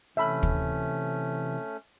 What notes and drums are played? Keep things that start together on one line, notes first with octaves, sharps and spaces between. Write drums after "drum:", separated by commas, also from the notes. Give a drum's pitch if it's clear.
C3 E3 A3 C#4 E5 B5
drum: kick